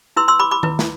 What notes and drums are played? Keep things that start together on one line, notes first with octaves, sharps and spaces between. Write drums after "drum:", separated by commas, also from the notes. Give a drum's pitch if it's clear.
E4 B4 C6 E6
C6 E6
B5 D6
B5 D6
E4 B4, drum: tom D#3
drum: snare